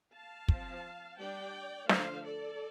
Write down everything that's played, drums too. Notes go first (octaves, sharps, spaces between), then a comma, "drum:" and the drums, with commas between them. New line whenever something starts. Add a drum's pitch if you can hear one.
F5 A5
F3 C4, drum: kick
G3 D4 D5 G5
D3 F3 A3 D4 C5 F5, drum: snare
A4 D5